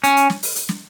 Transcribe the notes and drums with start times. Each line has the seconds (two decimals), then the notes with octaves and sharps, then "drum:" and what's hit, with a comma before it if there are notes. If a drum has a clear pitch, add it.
0.04 C#4, drum: hi-hat
0.17 drum: hi-hat
0.30 drum: snare
0.43 drum: open hi-hat
0.56 drum: hi-hat
0.69 drum: snare